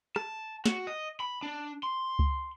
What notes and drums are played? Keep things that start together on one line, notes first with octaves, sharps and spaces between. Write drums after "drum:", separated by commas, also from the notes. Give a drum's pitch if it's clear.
A5, drum: rim click
F#4, drum: snare
D#5
B5
D4
C6
drum: kick C#2